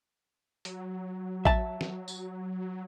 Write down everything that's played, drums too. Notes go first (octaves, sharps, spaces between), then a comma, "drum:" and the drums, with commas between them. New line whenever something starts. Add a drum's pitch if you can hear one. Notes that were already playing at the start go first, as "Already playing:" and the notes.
F#3, drum: hi-hat
E5 A5, drum: kick A1
drum: snare
drum: tambourine
F#3